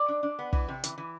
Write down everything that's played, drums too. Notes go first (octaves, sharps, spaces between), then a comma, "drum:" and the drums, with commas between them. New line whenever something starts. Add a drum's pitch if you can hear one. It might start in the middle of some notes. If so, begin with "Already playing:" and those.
Already playing: D5
D4
D4
B3
E3, drum: kick
C3
E3, drum: hi-hat
E3